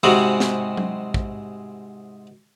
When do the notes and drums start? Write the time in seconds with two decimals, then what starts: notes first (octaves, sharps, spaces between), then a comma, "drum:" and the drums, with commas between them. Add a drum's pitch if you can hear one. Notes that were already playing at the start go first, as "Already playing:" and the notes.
0.03 G#2 C3 G3 G#3 C4 F#4
0.40 drum: snare
0.77 drum: tom F#3
1.14 drum: kick